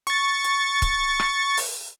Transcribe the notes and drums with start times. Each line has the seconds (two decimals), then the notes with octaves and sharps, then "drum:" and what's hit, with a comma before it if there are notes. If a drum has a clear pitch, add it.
0.07 C#6 A6, drum: hi-hat
0.44 drum: hi-hat
0.82 drum: kick, hi-hat
1.20 drum: rim click
1.57 drum: open hi-hat